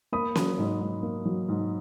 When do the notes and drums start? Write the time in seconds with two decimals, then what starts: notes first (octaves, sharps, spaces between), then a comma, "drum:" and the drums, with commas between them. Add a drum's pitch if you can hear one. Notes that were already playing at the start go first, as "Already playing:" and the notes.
0.12 A#3 B5 D#6
0.35 F#3, drum: snare C#4
0.58 G#2
0.81 G#2
1.03 A#3
1.25 F#3
1.48 G#2